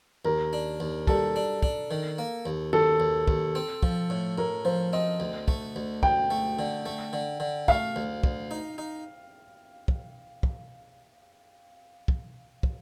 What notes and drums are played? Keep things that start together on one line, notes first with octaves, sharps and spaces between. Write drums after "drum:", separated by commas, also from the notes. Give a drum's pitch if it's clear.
D#2 A#4
D4
D#2
G3 A4, drum: kick
D4
D4, drum: kick
D#3
A#3
D#2
D#2 A4
D#2
D#2, drum: kick
C4
F3, drum: kick
A2
A2 A#4
F3 C5
C4 D#5
D2
A3, drum: kick
D2
D2 G5, drum: kick
A3
D3
A3
D3
D3
A3 F5, drum: kick
D2
D2, drum: kick
D#4
D#4
drum: kick
drum: kick
drum: kick
drum: kick